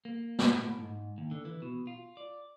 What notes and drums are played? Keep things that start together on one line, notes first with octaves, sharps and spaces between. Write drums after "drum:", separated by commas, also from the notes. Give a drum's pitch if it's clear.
A#3
drum: snare
A2
G#2
D#2
D3
E3
B2
F4
D5